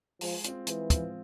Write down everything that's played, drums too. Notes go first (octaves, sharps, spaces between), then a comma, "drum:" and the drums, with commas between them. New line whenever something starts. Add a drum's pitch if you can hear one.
F3 G#3, drum: open hi-hat
C4 F4, drum: hi-hat
E3 G#3, drum: hi-hat
C4 F4, drum: kick, hi-hat